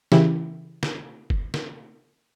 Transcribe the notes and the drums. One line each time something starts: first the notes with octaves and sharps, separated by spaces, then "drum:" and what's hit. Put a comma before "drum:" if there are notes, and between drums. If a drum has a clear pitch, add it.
C#3 E3 E4 G4, drum: snare
drum: snare
drum: kick
drum: snare